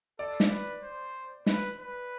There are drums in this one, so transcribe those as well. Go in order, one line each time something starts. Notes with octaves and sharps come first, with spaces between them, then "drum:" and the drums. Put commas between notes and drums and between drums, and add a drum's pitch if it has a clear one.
A4 D5
drum: snare
B4
C5
B4, drum: snare
B4